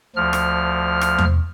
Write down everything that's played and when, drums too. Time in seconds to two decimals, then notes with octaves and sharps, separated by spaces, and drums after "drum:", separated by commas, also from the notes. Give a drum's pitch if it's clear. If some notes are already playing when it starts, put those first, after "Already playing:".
0.16 D2 F3 F6
0.33 drum: rim click
1.01 drum: rim click
1.19 drum: tom E2